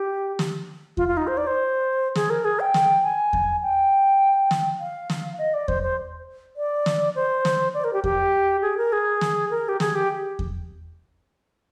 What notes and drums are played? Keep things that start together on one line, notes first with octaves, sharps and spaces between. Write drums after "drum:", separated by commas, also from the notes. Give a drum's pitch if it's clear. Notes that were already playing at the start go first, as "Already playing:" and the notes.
Already playing: G4
drum: snare
F4, drum: kick E2
F4
D#4
C5
D5
C5
G#4, drum: snare
A#4
G#4
G5
drum: snare
G#5
drum: kick E2
G5
drum: snare
F5
drum: snare
D#5
D5
C5, drum: kick E2
C5
D5
drum: snare
C5
drum: snare
D5
A#4
G4
G4, drum: kick E2
G#4
A#4
G#4
drum: snare
A#4
G4
G#4, drum: snare
G4
drum: kick E2